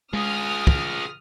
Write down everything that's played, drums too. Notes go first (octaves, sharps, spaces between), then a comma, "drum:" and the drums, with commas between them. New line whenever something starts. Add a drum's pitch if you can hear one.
G#3 F4 G#4 D#6 F6
drum: kick